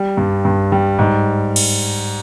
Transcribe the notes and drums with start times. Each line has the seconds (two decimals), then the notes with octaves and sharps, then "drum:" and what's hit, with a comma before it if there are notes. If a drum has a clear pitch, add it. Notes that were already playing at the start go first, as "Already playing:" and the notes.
Already playing: G3
0.17 G2
0.45 G2
0.72 G3
0.99 G#2
1.56 drum: cymbal